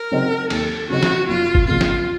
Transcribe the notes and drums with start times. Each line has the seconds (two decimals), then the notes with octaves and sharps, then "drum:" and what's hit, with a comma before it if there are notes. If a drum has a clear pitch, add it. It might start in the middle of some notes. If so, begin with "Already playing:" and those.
Already playing: A#4
0.11 C#3 F#3 C4 D#4
0.50 D#2 A4, drum: cymbal
0.90 C#3 F#3 C4 D#4 F#4
1.03 drum: snare
1.28 F#1 F4
1.55 drum: kick G1
1.67 F2 C#3 F3 A#3 F4
1.81 drum: snare